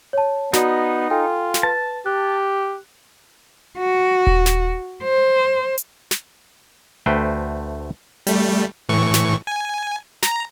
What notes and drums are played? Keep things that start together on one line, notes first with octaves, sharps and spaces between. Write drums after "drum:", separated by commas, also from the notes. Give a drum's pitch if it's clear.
C#5 A5
B3 D#4 F#4 D5, drum: snare
F4 A4 G5 G#5
drum: snare
B4 A5
G4 F#6
F#4
drum: kick D#1
drum: snare
C5
drum: hi-hat
drum: snare
D2 A3 B4 C5 G5
G3 A3, drum: open hi-hat
A2 E3 C#6
drum: snare
G#5
A#5, drum: snare